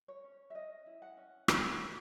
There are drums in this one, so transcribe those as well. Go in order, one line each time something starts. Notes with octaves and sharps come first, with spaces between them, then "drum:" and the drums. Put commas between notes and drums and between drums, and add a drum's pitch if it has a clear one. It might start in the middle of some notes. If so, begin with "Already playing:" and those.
C#5
C#4
E5
C#4 D#5
E4
F#5
C#4
drum: rim click